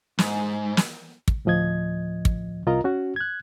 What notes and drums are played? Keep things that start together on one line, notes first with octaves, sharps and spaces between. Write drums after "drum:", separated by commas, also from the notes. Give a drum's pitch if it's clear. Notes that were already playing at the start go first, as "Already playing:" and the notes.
G#2, drum: snare
drum: snare
drum: kick
D2 A2 F3 D#5 G#6
drum: kick
C2 F4 A#4 D#5 A#5
C#4 F#4
F#6 G#6